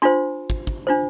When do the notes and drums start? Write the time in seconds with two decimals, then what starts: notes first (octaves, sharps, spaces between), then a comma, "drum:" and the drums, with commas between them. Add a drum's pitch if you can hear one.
0.02 D4 F4 C5 C6
0.50 drum: kick
0.67 drum: kick
0.87 D4 F4 C5